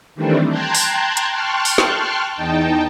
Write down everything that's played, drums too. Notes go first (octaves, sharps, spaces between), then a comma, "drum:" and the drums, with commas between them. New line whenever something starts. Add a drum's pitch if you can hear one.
D#3 E3 G3 A3 C4 D4
G5 A5 A#5 C6 F#6 G#6
drum: open hi-hat
drum: hi-hat
G5 A5 C6 C#6 F6 F#6
drum: open hi-hat
drum: snare
E2 D#4 G5 A5